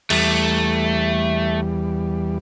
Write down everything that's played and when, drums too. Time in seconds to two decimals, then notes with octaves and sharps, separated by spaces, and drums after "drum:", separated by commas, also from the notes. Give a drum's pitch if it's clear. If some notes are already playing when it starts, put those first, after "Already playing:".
0.10 E2 G3 A3, drum: cymbal